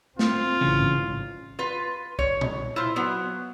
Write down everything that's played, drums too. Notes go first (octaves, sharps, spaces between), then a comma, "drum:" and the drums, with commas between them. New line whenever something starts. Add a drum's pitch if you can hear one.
C4 F4, drum: snare
A1 G#2 C#3 E3 C#4
F4 B4
C#5, drum: kick
drum: tom A#2
E4 F4 C5
F#3 B3